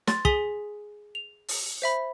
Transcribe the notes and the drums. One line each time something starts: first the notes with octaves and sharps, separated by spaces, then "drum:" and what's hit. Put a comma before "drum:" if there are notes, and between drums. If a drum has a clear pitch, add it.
C6 A6, drum: snare
G#4 G#5 D#6 B6 G7, drum: kick
F7
drum: open hi-hat
C5 E5 B5